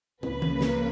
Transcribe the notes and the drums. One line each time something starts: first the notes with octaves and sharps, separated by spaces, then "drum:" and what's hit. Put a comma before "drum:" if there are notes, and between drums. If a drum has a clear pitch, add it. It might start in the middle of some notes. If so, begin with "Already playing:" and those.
C#2 C#3 F3 A#3 B4, drum: tom
drum: tom
drum: snare